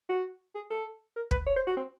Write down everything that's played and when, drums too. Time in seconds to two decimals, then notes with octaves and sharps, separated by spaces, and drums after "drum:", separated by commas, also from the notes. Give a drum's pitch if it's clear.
0.09 F#4
0.55 G#4
0.70 A4
1.16 A#4
1.31 B4, drum: kick
1.46 C#5
1.56 C5
1.67 F#4
1.77 C4